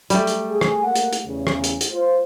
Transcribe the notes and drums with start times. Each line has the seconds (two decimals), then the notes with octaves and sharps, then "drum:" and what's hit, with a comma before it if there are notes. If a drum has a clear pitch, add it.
0.10 G3 A3, drum: hi-hat
0.27 drum: hi-hat
0.50 G#4
0.61 drum: rim click
0.83 A#3 F#5
0.96 drum: hi-hat
1.13 drum: hi-hat
1.26 E2 C#3
1.47 drum: rim click
1.64 drum: hi-hat
1.81 drum: hi-hat
1.92 F4 C5